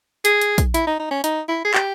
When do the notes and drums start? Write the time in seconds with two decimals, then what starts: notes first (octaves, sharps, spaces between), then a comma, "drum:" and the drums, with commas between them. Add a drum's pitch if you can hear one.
0.25 G#4, drum: hi-hat
0.41 drum: hi-hat
0.58 drum: kick, hi-hat
0.74 E4, drum: hi-hat
0.87 D#4
1.00 D#4
1.11 C#4
1.24 D#4, drum: hi-hat
1.49 E4
1.65 G#4
1.74 G4, drum: clap